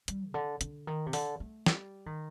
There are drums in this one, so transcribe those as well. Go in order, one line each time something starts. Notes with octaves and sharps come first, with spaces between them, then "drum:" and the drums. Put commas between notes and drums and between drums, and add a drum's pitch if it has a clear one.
G3, drum: hi-hat
C3
D3
D3, drum: hi-hat
D#3
C3
D3, drum: open hi-hat
A3
G3, drum: snare
D#3